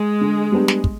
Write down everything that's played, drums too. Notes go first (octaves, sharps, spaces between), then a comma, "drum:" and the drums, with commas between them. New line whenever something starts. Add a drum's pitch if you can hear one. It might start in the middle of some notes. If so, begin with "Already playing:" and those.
Already playing: G#3
D3
G3 B3 D4 G4
drum: snare
drum: kick